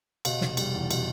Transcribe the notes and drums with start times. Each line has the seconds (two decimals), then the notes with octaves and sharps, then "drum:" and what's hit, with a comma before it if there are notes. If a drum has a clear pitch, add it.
0.25 B2 D#5 F5, drum: cymbal
0.41 F1, drum: snare
0.57 G3, drum: cymbal
0.75 E2
0.91 B2, drum: cymbal